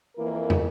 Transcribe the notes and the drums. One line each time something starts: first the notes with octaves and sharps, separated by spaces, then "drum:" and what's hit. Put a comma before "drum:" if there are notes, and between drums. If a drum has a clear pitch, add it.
F2 E3 A#3 E4 A#4
drum: tom